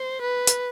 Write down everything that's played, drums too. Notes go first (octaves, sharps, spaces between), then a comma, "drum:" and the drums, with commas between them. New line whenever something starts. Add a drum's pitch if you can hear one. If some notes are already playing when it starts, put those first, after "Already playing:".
Already playing: C5
B4
drum: hi-hat